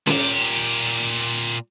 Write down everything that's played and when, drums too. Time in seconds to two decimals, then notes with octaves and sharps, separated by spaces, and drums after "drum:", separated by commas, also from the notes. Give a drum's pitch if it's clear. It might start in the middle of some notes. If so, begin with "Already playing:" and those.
0.07 A#2 G4, drum: snare C#4